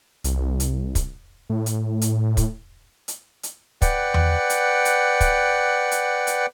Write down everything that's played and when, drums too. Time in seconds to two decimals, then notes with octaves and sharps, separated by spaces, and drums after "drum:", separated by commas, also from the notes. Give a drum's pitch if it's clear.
0.24 C2, drum: hi-hat
0.60 drum: hi-hat
0.95 drum: kick, hi-hat
1.50 A2
1.66 drum: hi-hat
2.02 drum: hi-hat
2.37 drum: kick, hi-hat
3.08 drum: hi-hat
3.43 drum: hi-hat
3.82 B4 D5 F#5 G5, drum: kick, hi-hat
4.14 drum: tom E2
4.50 drum: hi-hat
4.85 drum: hi-hat
5.21 drum: kick, hi-hat
5.91 drum: hi-hat
6.27 drum: hi-hat